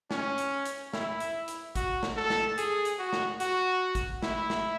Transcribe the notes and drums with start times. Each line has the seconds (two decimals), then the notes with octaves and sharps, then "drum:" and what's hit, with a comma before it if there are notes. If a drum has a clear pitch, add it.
0.11 C#4, drum: snare
0.38 drum: hi-hat
0.65 drum: hi-hat
0.93 E4, drum: snare
1.20 drum: hi-hat
1.48 drum: hi-hat
1.75 F#4, drum: kick G1, hi-hat
2.03 drum: snare
2.16 A4
2.30 drum: snare
2.58 G#4, drum: hi-hat
2.85 drum: hi-hat
2.99 F#4
3.13 drum: snare
3.40 F#4, drum: hi-hat
3.95 drum: kick G1, hi-hat
4.23 E4, drum: snare
4.50 drum: snare